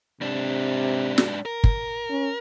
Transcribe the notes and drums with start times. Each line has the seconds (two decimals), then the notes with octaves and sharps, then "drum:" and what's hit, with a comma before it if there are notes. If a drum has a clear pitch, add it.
0.21 G#2 C3 D4
1.18 drum: snare
1.45 A#4
1.64 drum: kick
2.10 C#4